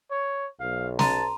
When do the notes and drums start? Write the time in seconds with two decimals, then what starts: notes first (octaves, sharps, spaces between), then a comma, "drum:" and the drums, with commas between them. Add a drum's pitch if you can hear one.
0.11 C#5
0.60 B1 F5
0.99 A5 A#5 C6, drum: snare